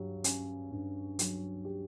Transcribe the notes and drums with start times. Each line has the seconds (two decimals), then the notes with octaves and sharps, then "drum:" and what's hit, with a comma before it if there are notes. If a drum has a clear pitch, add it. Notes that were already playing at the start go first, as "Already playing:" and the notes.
Already playing: G2 F#3 G4
0.24 C#4, drum: hi-hat
0.71 G2
1.19 F#3, drum: hi-hat
1.65 G4